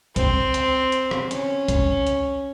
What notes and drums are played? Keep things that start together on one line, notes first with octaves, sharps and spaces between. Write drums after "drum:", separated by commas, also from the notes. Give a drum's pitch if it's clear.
C4, drum: kick C2, hi-hat
drum: hi-hat
drum: hi-hat
drum: rim click
C#4, drum: hi-hat
drum: kick C2, hi-hat
drum: hi-hat